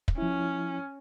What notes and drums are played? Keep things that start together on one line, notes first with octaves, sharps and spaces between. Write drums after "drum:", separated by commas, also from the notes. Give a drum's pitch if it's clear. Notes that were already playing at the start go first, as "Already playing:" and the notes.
drum: kick
F3 C#4 E4